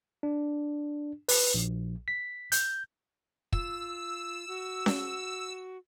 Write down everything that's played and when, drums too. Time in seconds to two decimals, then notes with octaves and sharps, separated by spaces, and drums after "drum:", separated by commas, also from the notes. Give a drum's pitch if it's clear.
0.23 D4
1.28 B4, drum: open hi-hat
1.54 A#1
2.08 B6
2.52 G6, drum: hi-hat
3.53 F4 E6, drum: kick
4.48 F#4
4.86 drum: snare C#4